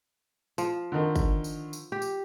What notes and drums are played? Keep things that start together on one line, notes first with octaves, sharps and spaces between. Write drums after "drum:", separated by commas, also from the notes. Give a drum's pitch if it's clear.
F3, drum: tambourine
D3 D#3
drum: kick, tambourine
drum: tambourine
drum: tambourine
G4
drum: tambourine